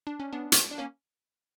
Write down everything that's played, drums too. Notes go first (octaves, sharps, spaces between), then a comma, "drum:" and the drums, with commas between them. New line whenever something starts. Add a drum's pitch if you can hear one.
D4
C#4
B3 D4
drum: hi-hat
D4
A#3 C#4